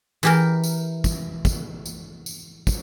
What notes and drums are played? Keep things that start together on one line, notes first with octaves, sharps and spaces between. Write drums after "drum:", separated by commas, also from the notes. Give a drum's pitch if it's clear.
E3 G4 A#4, drum: tambourine
drum: tambourine
drum: kick, tambourine
drum: kick, tambourine
drum: tambourine
drum: tambourine
drum: kick, tambourine